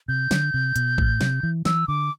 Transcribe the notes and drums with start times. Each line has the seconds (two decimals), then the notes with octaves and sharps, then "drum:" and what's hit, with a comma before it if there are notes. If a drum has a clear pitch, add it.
0.08 C3 G6
0.31 D3, drum: snare
0.54 C3
0.76 B2, drum: hi-hat
0.98 A2, drum: kick A1
1.21 C3, drum: snare
1.43 E3
1.65 E3 E6, drum: snare
1.88 D3 D6